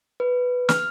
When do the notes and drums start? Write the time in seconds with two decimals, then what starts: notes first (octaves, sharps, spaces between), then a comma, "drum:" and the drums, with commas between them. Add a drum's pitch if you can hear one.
0.20 B4
0.69 F6, drum: snare